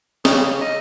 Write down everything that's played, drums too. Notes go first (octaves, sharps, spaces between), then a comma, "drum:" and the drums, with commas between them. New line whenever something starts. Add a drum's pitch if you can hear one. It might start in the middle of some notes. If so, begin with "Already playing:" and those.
C#3, drum: snare
C#3
D#5